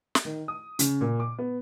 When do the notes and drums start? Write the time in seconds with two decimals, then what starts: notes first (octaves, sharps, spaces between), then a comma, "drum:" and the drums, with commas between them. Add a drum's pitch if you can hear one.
0.15 drum: snare
0.25 D#3
0.48 D#6
0.79 C#3, drum: hi-hat
1.01 A#2
1.20 D6
1.39 B3